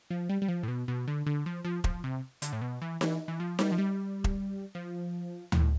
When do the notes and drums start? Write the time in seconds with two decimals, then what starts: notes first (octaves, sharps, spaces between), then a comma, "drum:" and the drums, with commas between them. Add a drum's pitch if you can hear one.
0.10 F3
0.29 G3
0.42 G3
0.48 F3
0.63 A2
0.68 B2
0.88 B2
1.08 D3
1.26 D3
1.46 F3
1.64 F3
1.84 F3, drum: kick E1
2.04 C3
2.42 D3, drum: hi-hat
2.53 A2
2.62 B2
2.82 E3
3.01 E3, drum: snare D#4
3.28 E3
3.40 F3
3.59 G3, drum: snare D#4
3.72 F3
3.78 G3
4.24 drum: kick E1
4.75 F3
5.52 A2, drum: tom D2